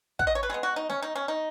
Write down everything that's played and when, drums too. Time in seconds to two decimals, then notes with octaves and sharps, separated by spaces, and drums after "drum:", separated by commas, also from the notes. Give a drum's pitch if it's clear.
0.19 F#5, drum: kick
0.27 D#5
0.35 C#5
0.43 B4
0.49 B2 G#3 B3 G#4
0.63 F#4
0.76 D#4
0.90 C#4, drum: snare
1.02 D#4
1.15 C#4
1.28 D#4